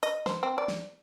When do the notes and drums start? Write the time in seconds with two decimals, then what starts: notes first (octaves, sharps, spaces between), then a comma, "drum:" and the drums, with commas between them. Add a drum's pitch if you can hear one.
0.03 D#5, drum: hi-hat
0.26 C5, drum: snare
0.43 C4
0.58 D5
0.68 drum: snare